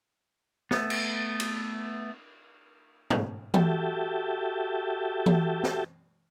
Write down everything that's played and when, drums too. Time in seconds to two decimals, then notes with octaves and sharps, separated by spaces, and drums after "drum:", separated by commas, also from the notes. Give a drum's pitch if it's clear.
0.71 A3 B3, drum: snare
0.90 drum: cymbal
1.40 drum: cymbal
3.10 drum: tom
3.54 F#4 G4 A4 E5 G5 A5, drum: tom E3
5.26 drum: tom E3
5.63 drum: snare